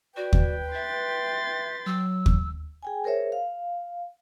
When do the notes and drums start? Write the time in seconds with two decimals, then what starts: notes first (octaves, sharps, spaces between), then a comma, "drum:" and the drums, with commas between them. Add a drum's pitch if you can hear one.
0.17 F#4 B4 D5 G5
0.33 drum: kick
0.74 E5 C6 A6 B6
1.86 F#3 E6
2.26 drum: kick
2.83 G#4 G5 G#5
3.04 G#4 A#4 C5 C#5 E5
3.32 F5